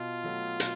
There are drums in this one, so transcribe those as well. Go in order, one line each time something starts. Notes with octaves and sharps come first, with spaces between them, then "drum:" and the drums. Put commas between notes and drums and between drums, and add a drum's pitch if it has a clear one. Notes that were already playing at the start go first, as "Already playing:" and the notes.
Already playing: B2 F4
F#3 A3
B2, drum: hi-hat